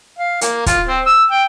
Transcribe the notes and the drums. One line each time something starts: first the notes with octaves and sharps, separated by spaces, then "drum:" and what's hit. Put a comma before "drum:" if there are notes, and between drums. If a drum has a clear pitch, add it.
F5
A#3, drum: hi-hat
F4, drum: kick, hi-hat
C4
E6
G5